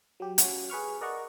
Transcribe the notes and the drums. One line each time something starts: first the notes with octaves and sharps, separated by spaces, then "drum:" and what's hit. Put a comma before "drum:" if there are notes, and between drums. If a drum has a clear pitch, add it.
F#3 G4
C#4 F#4, drum: hi-hat
G#4 B4 C#6 F6
A#4 D5 D#5 F#5 A#5 C#6